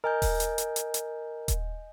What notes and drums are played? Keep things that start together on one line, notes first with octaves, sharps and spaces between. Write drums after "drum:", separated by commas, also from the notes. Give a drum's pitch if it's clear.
A#4 D#5 G#5 G6
drum: kick D#1, open hi-hat
drum: hi-hat
drum: hi-hat
drum: hi-hat
drum: hi-hat
drum: kick D#1, hi-hat